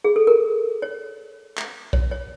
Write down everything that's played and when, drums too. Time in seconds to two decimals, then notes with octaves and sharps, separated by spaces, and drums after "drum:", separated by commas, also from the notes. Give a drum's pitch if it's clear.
0.04 G#4
0.16 A4
0.27 A#4
0.82 C#5
1.57 drum: clap
1.93 C#5, drum: kick B1
2.11 C#5